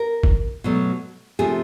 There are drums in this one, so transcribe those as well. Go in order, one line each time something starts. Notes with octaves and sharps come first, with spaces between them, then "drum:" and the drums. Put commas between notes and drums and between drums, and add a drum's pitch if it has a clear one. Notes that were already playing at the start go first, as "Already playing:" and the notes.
Already playing: A#4
drum: kick G1
B2 F#3 A3
C3 F3 A3 G#4